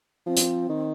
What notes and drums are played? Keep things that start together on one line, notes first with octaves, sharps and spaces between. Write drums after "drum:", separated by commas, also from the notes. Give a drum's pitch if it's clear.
F3 C4
drum: hi-hat
D#3